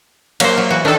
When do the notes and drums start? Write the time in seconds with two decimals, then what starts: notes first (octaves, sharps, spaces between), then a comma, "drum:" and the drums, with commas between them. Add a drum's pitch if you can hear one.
0.40 F#3 A#3 C5, drum: cymbal
0.57 F#3
0.70 E3 F#4
0.85 D#3 D4 A4